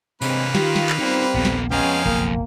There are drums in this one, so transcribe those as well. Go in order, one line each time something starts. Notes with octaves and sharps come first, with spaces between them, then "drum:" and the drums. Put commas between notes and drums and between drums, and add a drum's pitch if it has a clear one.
C3 G#3 A#3 C4 B4 C#5, drum: tambourine
D#3 F4 G4, drum: snare
drum: snare
drum: clap
G3 C4 D#4 F4
A#1 D#2 A#2 B3 A4
drum: snare
F2 G#3 B3 C#4 G#4 F5 G5 A#5
F#1 B1 A#3